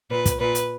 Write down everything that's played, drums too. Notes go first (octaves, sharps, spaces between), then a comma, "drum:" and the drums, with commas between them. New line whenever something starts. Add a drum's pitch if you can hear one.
A#2 B4
drum: kick, hi-hat
A#2 B4
drum: hi-hat